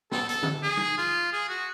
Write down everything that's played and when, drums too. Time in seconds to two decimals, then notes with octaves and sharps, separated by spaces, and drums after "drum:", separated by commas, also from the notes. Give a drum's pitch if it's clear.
0.12 A4, drum: snare
0.29 A4, drum: hi-hat
0.43 drum: tom D3
0.63 G#4
0.77 drum: tom G3
0.97 F4
1.32 G#4
1.49 F#4